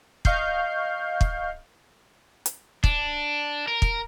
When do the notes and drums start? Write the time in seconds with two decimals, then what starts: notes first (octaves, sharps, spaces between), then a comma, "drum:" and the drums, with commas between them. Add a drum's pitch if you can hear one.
0.25 D#5 F5 C#6 F6 G6 C7, drum: kick
1.21 drum: kick
2.46 drum: hi-hat
2.84 D4, drum: kick
3.68 A#4
3.82 drum: kick